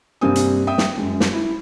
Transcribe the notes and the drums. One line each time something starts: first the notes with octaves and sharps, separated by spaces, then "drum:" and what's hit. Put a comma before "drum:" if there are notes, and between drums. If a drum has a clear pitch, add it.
G2 C3 A#3 C4 G#5 D#6
drum: hi-hat
E5 G5 D#6
drum: snare
F#2 G#3
drum: snare
E4